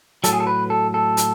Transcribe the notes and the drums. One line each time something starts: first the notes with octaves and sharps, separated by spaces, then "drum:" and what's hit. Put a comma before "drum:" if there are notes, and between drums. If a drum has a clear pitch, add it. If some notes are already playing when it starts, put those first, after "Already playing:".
A2 F#3 A4, drum: hi-hat
G#4
A4
B4
A4
A4
drum: hi-hat